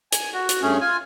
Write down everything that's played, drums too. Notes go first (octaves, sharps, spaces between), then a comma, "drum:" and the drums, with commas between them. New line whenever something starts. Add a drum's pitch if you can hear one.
G#5, drum: hi-hat
F#4
drum: hi-hat
G2 A3 C#4 G#4
F4 G#5